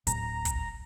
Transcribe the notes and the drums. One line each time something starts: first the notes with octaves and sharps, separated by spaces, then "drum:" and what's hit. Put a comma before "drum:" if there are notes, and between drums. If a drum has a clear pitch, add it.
D1 A#5, drum: hi-hat
drum: kick, hi-hat